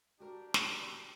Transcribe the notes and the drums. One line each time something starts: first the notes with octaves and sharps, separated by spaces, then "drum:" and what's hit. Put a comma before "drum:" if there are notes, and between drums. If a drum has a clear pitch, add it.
D4 F#4 G4 A#4 A#5
drum: snare